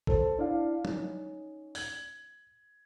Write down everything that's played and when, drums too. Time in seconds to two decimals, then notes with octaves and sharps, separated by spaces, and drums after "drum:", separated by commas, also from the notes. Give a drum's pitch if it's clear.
0.07 A4 C5, drum: kick
0.38 D4 E4 D5 F5
0.85 C#4 D#4, drum: tom
1.75 G#6 F#7, drum: open hi-hat